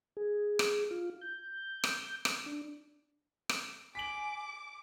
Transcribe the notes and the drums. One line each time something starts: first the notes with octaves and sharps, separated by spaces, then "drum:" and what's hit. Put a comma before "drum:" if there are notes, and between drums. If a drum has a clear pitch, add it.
G#4
drum: rim click
F4
G6
drum: rim click
drum: rim click
D4
drum: rim click
G#5 D6 B6 D7 F#7